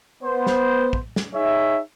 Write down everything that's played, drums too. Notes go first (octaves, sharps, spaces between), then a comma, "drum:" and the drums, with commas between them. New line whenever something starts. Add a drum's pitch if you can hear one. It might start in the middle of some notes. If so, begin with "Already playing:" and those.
B3 C5
drum: snare
drum: kick
drum: snare
D#4 G#4 C#5 E5